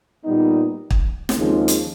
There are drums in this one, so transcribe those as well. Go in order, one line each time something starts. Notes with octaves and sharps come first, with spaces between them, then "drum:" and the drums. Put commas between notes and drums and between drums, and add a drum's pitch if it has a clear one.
A#2 G3 B3 D#4
drum: kick
drum: snare
D#2 C#3 F3 G#3 C4
drum: hi-hat